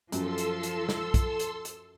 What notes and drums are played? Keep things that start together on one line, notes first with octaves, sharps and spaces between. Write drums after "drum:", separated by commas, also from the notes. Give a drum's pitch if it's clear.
F#2 F3 A4 C6 E6, drum: hi-hat
drum: hi-hat
drum: hi-hat
drum: snare
drum: kick, hi-hat
drum: hi-hat
drum: hi-hat